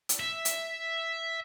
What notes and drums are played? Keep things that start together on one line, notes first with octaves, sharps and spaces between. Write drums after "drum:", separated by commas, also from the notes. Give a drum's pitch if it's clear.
drum: hi-hat
E5
drum: hi-hat